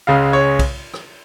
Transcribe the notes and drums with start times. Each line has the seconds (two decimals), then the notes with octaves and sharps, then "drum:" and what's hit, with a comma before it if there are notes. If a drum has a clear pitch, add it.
0.07 C#2 C#3 G#3 F5
0.33 C#5
0.59 drum: kick B1, cymbal
0.94 drum: rim click